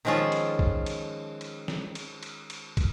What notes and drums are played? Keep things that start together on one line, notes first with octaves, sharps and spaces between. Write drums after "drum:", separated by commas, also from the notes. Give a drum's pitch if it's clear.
D#3 F3 G#3 C#4 F4 A4
drum: cymbal
drum: kick
drum: cymbal
drum: cymbal
drum: snare
drum: cymbal
drum: cymbal
drum: cymbal
drum: kick, cymbal